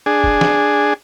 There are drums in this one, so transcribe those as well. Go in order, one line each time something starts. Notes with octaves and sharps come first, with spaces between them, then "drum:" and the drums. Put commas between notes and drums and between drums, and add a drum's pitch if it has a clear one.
D4 G#4
drum: kick
drum: snare